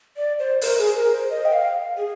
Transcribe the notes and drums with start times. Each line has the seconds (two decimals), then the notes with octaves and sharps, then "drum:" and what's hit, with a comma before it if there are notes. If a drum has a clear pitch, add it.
0.17 D5
0.39 C5
0.61 A#4, drum: open hi-hat
0.78 G#4
0.96 A#4
1.13 C5
1.30 D#5
1.45 G5
1.53 F5
1.97 G#4